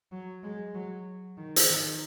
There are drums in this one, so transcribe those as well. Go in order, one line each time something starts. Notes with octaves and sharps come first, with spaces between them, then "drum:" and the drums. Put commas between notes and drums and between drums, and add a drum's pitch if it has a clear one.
F#3
G#3
F#3
D#3
drum: hi-hat
D#3